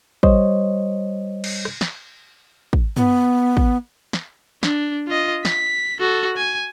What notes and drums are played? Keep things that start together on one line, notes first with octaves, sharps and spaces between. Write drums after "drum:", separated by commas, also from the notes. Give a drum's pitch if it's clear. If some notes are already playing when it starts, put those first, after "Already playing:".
G3 C5 C#5 D#5, drum: kick
drum: cymbal
drum: rim click
drum: snare
drum: kick
B3, drum: tom
drum: kick
drum: snare
D4, drum: snare
F4 D#5
B6, drum: snare
F#4 A4
G#5